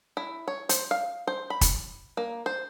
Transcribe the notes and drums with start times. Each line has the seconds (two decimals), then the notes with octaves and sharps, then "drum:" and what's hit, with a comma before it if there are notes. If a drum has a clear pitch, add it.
0.17 E4
0.48 C#5
0.69 C5, drum: hi-hat
0.91 F5
1.27 C5
1.50 B5
1.61 drum: kick, hi-hat
2.17 A#3
2.46 C5